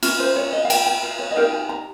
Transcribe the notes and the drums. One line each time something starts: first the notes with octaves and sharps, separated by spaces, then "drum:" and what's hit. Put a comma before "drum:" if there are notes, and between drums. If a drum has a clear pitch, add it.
C#4 F4, drum: cymbal
C5
C#5
D#5
F5
G5, drum: cymbal
G5
F5
C#5
D#5
D#4 G4 A#4 F5
G#5
A#5